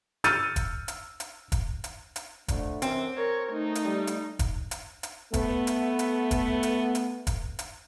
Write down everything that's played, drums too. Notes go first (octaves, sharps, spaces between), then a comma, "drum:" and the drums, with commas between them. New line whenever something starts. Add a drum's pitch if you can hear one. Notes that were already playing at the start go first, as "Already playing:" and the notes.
E6 F6 G6 A6 C#7 D#7, drum: hi-hat
drum: kick E1, hi-hat
drum: hi-hat
drum: hi-hat
drum: kick E1, hi-hat
drum: hi-hat
drum: hi-hat
F2 D3 A3, drum: kick E1, hi-hat
F#2 E3 C4, drum: hi-hat
A#4 C#5
A3 D#4
drum: hi-hat
G3
drum: hi-hat
drum: kick E1, hi-hat
drum: hi-hat
drum: hi-hat
A3 B3, drum: kick E1, hi-hat
drum: hi-hat
drum: hi-hat
drum: kick E1, hi-hat
drum: hi-hat
drum: hi-hat
drum: kick E1, hi-hat
drum: hi-hat